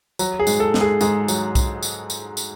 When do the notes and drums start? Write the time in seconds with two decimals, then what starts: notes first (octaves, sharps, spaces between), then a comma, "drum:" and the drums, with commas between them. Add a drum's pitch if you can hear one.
0.19 F#3, drum: tambourine
0.39 G#4
0.47 G#2, drum: tambourine
0.60 A4
0.74 G#2, drum: snare
0.81 G#4
1.01 G#2 G#4, drum: tambourine
1.28 F#3, drum: tambourine
1.55 drum: kick B1, tambourine
1.83 drum: tambourine
2.10 drum: tambourine
2.37 drum: tambourine